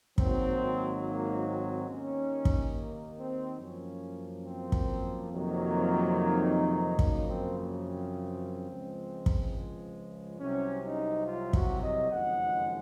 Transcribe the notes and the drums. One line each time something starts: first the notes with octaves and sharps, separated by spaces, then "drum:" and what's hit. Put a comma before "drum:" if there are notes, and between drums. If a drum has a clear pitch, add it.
G#1 G#2 F#3 A#3 C4, drum: kick
A#3
C4
D#2 D#3 A#3 C#4
drum: kick
A#3
C4
F#2 F3 A#3 C#4
C4
drum: kick
F2 C3 D#3 F#3 A#3
F4
D#4
F#2 C#3 F3 A#3 D#4, drum: kick
C4
A#3
C4
C#2 C#3 F3 G#3
drum: kick
C2 C3 F#3 C#4
D#4
F4
F#4, drum: kick
D#5
F#1 F2 D#3 G#3 F#5